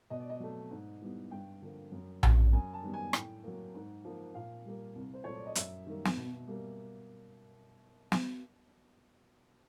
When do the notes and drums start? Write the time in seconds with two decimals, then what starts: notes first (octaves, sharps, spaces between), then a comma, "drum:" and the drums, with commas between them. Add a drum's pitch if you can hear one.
0.10 B2 D#5
0.20 D5
0.30 D#5
0.40 F#3 A3
0.71 G#2
1.01 E3 G3 B3
1.31 G2 G5
1.62 D3 F3 A#3
1.92 F#2
2.23 C#3 F#3, drum: tom A#1
2.52 F#2 G#5
2.73 A5
2.83 D#3 G3 B3
2.94 G#5
3.13 A2 G5, drum: rim click
3.44 F#3 A#3
3.75 G#2
4.05 F3 A#3
4.35 A#2 F5
4.65 G3 A#3
4.95 C2
5.14 C5
5.24 A#2 F#3 A3 C#5
5.35 D5
5.46 D#5
5.55 F#2 E5, drum: hi-hat
5.86 D#3 G3 A#3
6.05 drum: snare
6.17 B2
6.47 G3 A#3
8.12 drum: snare